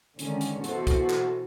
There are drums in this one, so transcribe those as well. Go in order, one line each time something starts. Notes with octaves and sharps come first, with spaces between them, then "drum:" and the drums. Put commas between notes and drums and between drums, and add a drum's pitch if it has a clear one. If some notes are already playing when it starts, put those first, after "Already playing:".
D3 D#3 G#3 C#4, drum: hi-hat
drum: hi-hat
B2 E3 F#4 A4 C5, drum: hi-hat
drum: kick, hi-hat
drum: clap